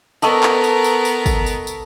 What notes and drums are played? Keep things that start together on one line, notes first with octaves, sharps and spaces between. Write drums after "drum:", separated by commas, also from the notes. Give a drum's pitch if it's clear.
B3 A4 A#4 D#5 C#6, drum: tambourine
drum: clap
drum: tambourine
drum: tambourine
drum: tambourine
drum: kick, tambourine
drum: tambourine
drum: tambourine